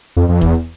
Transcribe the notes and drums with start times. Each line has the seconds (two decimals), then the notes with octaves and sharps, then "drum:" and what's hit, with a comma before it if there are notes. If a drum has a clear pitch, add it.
0.16 F2
0.29 F2
0.41 E2, drum: kick D#1